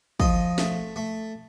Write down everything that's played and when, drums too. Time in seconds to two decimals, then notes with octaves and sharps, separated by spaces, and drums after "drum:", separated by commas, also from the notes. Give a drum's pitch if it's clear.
0.20 F3 D#5, drum: kick
0.58 A3, drum: snare
0.96 A3